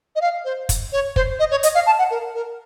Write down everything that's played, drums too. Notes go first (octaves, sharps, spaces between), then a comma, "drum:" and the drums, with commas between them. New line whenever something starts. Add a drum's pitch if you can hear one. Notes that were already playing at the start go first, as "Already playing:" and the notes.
D#5
F5
C5
drum: kick, hi-hat
C#5
C5, drum: kick
D#5
C#5
D#5, drum: hi-hat
F5
A5
F#5
A#4
A#4